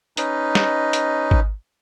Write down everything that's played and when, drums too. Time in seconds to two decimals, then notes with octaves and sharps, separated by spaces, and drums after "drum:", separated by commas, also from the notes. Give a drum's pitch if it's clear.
0.17 C#4 D#4 B4 D#5, drum: hi-hat
0.55 drum: snare
0.93 drum: hi-hat
1.31 drum: kick G#1